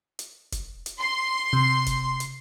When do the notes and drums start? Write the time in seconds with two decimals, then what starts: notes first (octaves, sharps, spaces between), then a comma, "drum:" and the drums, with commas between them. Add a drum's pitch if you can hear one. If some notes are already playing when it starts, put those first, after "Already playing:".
0.19 drum: hi-hat
0.52 drum: kick F1, hi-hat
0.86 drum: hi-hat
1.02 C6
1.53 C3
1.86 drum: kick F1, hi-hat
2.20 drum: hi-hat